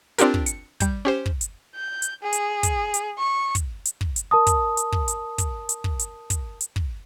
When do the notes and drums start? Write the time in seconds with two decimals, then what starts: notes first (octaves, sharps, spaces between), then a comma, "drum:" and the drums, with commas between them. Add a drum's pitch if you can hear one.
0.18 C4 D4 F4 G4 A#4, drum: hi-hat
0.34 drum: kick
0.46 C#7, drum: hi-hat
0.80 G3 G6, drum: kick, hi-hat
1.05 C#4 G4 C5
1.26 drum: kick
1.41 drum: hi-hat
1.75 G6
2.02 drum: hi-hat
2.23 G#4
2.33 drum: hi-hat
2.63 drum: kick, hi-hat
2.94 drum: hi-hat
3.18 C#6
3.55 drum: kick, hi-hat
3.85 drum: hi-hat
4.01 drum: kick
4.16 drum: hi-hat
4.31 A#4 A5 D#6
4.47 drum: kick, hi-hat
4.77 drum: hi-hat
4.92 drum: kick
5.08 drum: hi-hat
5.38 drum: kick, hi-hat
5.69 drum: hi-hat
5.84 drum: kick
5.99 drum: hi-hat
6.30 drum: kick, hi-hat
6.61 drum: hi-hat
6.76 drum: kick